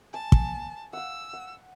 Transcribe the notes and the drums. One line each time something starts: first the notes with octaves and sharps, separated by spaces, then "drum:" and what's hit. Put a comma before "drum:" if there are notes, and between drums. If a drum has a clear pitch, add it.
G#5 A5
drum: kick
F5 F#5 E6
F#5